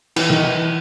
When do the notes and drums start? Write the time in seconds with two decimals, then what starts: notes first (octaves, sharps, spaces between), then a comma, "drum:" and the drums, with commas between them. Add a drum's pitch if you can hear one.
0.16 E3, drum: cymbal
0.30 D#3
0.44 E3